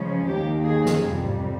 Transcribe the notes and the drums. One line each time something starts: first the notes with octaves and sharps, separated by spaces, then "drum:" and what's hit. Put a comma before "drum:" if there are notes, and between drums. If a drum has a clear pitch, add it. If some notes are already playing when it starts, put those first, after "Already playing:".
Already playing: C#3 F3 G#3 C#4
D#2 D#3 A#3 G4
G#4
drum: snare
F2 C3 G3
drum: tom G#2